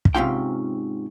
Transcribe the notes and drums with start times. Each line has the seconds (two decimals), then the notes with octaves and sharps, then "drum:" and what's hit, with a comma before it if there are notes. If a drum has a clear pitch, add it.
0.05 drum: kick
0.15 G#2 C3 C#4 F4 G5